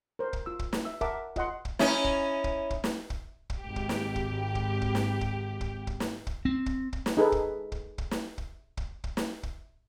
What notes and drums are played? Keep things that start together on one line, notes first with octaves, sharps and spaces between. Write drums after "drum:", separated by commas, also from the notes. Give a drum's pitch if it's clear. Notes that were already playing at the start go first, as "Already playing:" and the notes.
A#4 C5
drum: kick
F4 E6
drum: kick
drum: snare
E5 E6
A#4 E5 F#5 A5 D6, drum: kick
F4 D#5 F#5 C6, drum: kick
drum: kick
C#4 D#4 E4, drum: snare
drum: kick
drum: kick
drum: kick
drum: snare
drum: kick
drum: kick
G#1 G4
drum: kick
drum: snare
drum: kick
drum: kick
drum: kick
drum: snare
drum: kick
drum: kick
drum: kick
drum: snare
drum: kick
C4
drum: kick
drum: kick
drum: snare
D#4 G#4 A4 B4
drum: kick
drum: kick
drum: kick
drum: snare
drum: kick
drum: kick
drum: kick
drum: snare
drum: kick